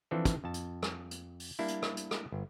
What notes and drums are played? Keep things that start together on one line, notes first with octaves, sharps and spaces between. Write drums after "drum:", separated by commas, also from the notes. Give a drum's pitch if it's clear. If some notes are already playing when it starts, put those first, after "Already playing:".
E3 F3 C4 D4 A4
drum: kick, hi-hat
F2 A5
drum: hi-hat
drum: rim click
drum: hi-hat
drum: open hi-hat
G3 A#3 D4 E4
drum: hi-hat
drum: rim click
drum: hi-hat
drum: rim click
G1